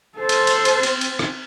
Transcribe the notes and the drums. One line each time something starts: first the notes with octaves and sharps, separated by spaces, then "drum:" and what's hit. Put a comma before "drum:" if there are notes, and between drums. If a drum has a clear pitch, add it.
A4 C5
drum: cymbal
drum: cymbal
drum: cymbal
C4, drum: cymbal
drum: cymbal
drum: rim click